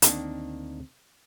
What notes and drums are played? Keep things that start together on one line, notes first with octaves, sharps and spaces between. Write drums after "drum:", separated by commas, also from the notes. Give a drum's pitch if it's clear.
D2 D#3 G#3 A#3 C4 D4, drum: hi-hat